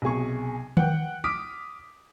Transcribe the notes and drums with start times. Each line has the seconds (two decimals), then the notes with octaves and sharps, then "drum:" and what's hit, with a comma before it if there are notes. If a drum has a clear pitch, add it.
0.02 B1 C3 G#4 C#6
0.77 F#5 G5, drum: tom D#3
1.24 D6 D#6 F6 B6 D7